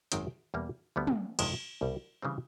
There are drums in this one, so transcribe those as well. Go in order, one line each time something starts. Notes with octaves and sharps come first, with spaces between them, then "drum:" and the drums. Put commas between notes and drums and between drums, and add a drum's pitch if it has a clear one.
G#1 F#2 D#3 G#3 C4, drum: hi-hat
E2 B2 G3 A#3
D2 D3 G3 B3
drum: tom
G1 F2 C3 D#3 G#3, drum: cymbal
C2 B2 G3
C#3 E3 G3 C4